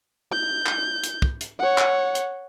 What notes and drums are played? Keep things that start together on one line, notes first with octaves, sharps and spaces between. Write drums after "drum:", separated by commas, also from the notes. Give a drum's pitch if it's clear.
G6
drum: clap
drum: hi-hat
drum: kick
drum: hi-hat
C#5 F#5
drum: clap
drum: hi-hat